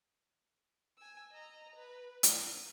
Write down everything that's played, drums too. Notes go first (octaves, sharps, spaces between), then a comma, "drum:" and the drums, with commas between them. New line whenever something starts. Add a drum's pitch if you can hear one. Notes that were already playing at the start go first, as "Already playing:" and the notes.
G#5 E6
D#5 A#5
B4
D#7, drum: hi-hat